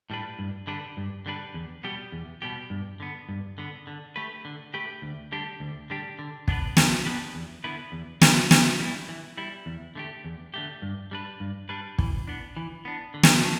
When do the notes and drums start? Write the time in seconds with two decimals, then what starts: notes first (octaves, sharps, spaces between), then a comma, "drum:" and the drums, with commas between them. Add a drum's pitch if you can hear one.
0.10 A2 G3 D4 B4
0.39 G2
0.67 D3 G3 D4 B4
0.97 G2
1.26 D3 G3 D4 B4
1.54 E2
1.84 B2 G3 B3 G4
2.12 E2
2.42 B2 G3 B3 G4
2.70 G2
3.00 D3 B3
3.29 G2
3.58 D3 B3
3.87 D3
4.16 A3 G4 B4
4.45 D3
4.74 A3 G4 B4
5.02 D2
5.32 D3 G3 D4 G4
5.60 D2
5.90 D3 G3 D4 G4
6.19 D3
6.48 B3 D4 G4 B4, drum: kick
6.77 D3, drum: snare
7.05 B3 D4 G4 B4
7.35 E2
7.64 D3 B3 E4 B4
7.92 E2
8.21 D3 B3 E4 B4, drum: snare
8.51 E3, drum: snare
8.79 G3 E4
9.08 E3
9.38 G3 E4
9.66 E2
9.95 D3 A3 G4
10.25 E2
10.54 D3 A3 G4
10.82 G2
11.11 G3 D4 B4
11.40 G2
11.69 G3 D4 B4
11.99 E3, drum: kick
12.27 B3 D4
12.57 E3
12.85 B3 D4
13.14 D3
13.23 drum: snare
13.43 A3 D4